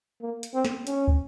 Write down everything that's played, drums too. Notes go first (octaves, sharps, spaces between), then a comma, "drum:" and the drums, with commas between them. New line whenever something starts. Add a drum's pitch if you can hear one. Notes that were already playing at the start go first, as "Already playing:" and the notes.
A#3
drum: hi-hat
C4
drum: snare
C#4, drum: hi-hat
drum: kick